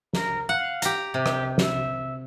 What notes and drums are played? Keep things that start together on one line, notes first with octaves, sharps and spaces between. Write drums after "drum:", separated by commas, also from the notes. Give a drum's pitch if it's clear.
A#4, drum: snare
F5 F#5
G4 A#5, drum: hi-hat
C3 G4
drum: rim click
E5, drum: snare